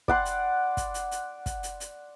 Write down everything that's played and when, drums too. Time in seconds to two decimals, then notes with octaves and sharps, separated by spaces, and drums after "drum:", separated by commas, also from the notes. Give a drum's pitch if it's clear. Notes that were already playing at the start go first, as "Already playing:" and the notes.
0.08 D5 F#5 C6, drum: kick
0.25 drum: hi-hat
0.77 drum: kick, hi-hat
0.94 drum: hi-hat
1.11 drum: hi-hat
1.46 drum: kick, hi-hat
1.63 drum: hi-hat
1.80 drum: hi-hat